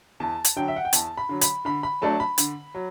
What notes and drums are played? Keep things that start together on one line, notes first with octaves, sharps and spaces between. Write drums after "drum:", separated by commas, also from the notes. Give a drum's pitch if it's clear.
E2 A5
drum: hi-hat
D3 F#3 G5
E5
F#5
G5
E2 A5, drum: hi-hat
B5
D3 F#3
B5, drum: hi-hat
D3 B5
B5
F#3 A3 D4 A5
B5
D3, drum: hi-hat
F#3